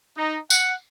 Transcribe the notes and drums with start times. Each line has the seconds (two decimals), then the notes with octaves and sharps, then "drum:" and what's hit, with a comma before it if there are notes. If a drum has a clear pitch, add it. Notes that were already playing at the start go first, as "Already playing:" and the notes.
0.18 D#4
0.50 F#5, drum: tambourine